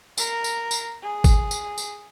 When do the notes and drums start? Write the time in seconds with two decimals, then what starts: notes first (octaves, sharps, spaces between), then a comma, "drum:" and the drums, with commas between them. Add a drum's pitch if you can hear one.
0.18 A#4, drum: tambourine
0.44 drum: tambourine
0.71 drum: tambourine
1.03 G#4
1.24 drum: kick, tambourine
1.51 drum: tambourine
1.78 drum: tambourine